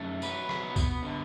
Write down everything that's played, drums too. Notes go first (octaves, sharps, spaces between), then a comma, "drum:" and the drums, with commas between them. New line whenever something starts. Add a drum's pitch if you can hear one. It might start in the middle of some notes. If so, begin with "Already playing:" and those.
Already playing: F#2 A3
F#3 B4, drum: tambourine
drum: rim click
B3
drum: kick, tambourine
D3